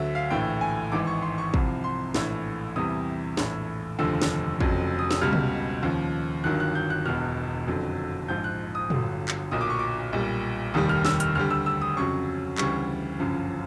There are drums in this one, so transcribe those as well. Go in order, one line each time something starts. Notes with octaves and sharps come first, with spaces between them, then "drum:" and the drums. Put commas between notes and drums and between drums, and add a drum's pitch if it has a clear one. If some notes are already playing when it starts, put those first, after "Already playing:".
Already playing: D2 D3 F#3 E5
F5
A#1 A2 E3 G5
G#5
G#1 G#2 E3 D6
C#6
C6
C#6
C2 C3 F3, drum: kick
C6
A#1 A2 E3, drum: snare
E2 C3 E3 G3 D#6
A#1 A2 E3, drum: snare
F1 D#2 D3 F3 E6
drum: snare
F1 F2 C#3 F#3, drum: kick
D#6
E6, drum: snare
C#2 B2 G3 F6
drum: tom
D#2 C#3 F3
G1 G2 D#3 F#3 F#6
F#6
G6
F#6
E1 E2 B2 F6
F#1 F2 D3 F#3
A#1 G#2 F3 G6
F#6
D#6
G1 G2 D3 F#3, drum: tom
drum: clap
B1 A#2 F#3 D#6
D6
C#6
D6
B1 A#2 G3
F1 D#2 D#3 G3 D#6
F6
E6, drum: snare
F6, drum: hi-hat
D2 D3 G3 F6
E6
E6
D#6
F2 C#3 F#3 C#6
D2 C#3 E3 G3 C#6, drum: clap
G1 F#2 C#3 F3